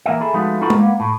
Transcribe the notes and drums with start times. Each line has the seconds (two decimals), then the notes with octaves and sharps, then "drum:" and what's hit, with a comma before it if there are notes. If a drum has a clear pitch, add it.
0.06 E3 A#3 A#4 D#5 E5
0.21 E4 G#4 A4
0.34 F3 G#3 A3 B3 D#4 F#4
0.61 B3 D#4 F4 F#4 A4 B5
0.70 drum: tom G#3
0.79 A#3 B3
1.00 A2